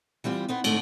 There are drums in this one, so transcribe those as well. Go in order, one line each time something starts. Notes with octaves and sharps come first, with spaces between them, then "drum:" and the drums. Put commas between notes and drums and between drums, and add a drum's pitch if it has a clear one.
E3 G3 C4 F4
B3 C4 D#4
G#2 D3 A3 C4, drum: cymbal